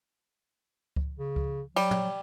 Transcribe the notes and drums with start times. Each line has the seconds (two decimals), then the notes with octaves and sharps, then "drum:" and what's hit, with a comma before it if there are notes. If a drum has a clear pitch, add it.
0.96 drum: kick C#2
1.19 C#3
1.36 drum: kick C#2
1.76 F#3 G3, drum: cymbal
1.91 drum: tom